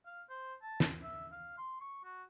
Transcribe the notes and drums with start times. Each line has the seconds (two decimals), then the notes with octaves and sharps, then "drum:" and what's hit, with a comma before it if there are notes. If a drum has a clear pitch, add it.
0.06 F5
0.30 C5
0.62 A5
0.80 drum: snare
1.03 E5
1.32 F5
1.58 C6
1.81 C#6
2.04 F#4